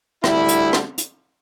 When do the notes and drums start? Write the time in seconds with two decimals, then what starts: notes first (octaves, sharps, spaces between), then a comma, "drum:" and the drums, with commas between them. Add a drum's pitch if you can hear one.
0.24 D2 D3 G3 E4, drum: rim click
0.48 drum: hi-hat
0.73 drum: rim click
0.98 drum: hi-hat